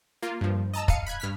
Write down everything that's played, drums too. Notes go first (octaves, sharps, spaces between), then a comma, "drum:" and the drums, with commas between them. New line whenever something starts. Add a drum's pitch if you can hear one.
A#3 F4
G2 F3
D#5 A5 A#5 E6
F5 C#7 D#7, drum: kick
B5 F#6 G#6
G2 F6 B6